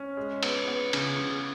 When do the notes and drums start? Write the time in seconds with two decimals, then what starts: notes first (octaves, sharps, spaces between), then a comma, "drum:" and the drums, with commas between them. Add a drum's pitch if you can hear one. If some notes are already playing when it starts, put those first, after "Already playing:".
Already playing: C#4
0.17 G#3
0.43 B3, drum: cymbal
0.68 B3
0.93 C#3, drum: cymbal
1.19 C#3